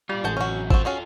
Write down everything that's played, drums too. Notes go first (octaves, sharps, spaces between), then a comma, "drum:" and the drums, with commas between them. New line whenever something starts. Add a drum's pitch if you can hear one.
G3 F4 D5
A1 G#3 F#4 A5 G6
C3 F#3 C#4 F#4
C4 F4 F#4 A4, drum: kick
C#4 F#4 G#4